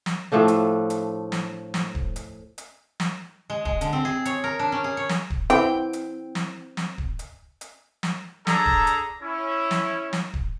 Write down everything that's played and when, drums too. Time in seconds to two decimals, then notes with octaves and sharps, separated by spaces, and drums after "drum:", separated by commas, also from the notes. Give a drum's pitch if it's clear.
0.06 drum: snare
0.32 A2 F3 A3 D4
0.48 drum: hi-hat
0.90 drum: hi-hat
1.32 drum: snare
1.74 drum: snare
1.95 drum: kick D1
2.16 drum: hi-hat
2.58 drum: hi-hat
3.00 drum: snare
3.50 G#3
3.65 G#3, drum: kick D1
3.81 D3, drum: hi-hat
3.93 C4
4.05 G#4
4.25 C#5, drum: hi-hat
4.44 A#4
4.59 D4
4.72 C#4
4.84 G#4
4.97 C#5
5.09 drum: snare
5.30 drum: kick D1
5.50 E3 C4 G5, drum: hi-hat
5.93 drum: hi-hat
6.35 drum: snare
6.77 drum: snare
6.98 drum: kick D1
7.19 drum: hi-hat
7.61 drum: hi-hat
8.03 drum: snare
8.47 D4 G#4 A4 A#5, drum: snare
8.66 drum: kick D1
8.87 drum: hi-hat
9.23 C#4 E4
9.71 drum: snare
10.13 drum: snare
10.34 drum: kick D1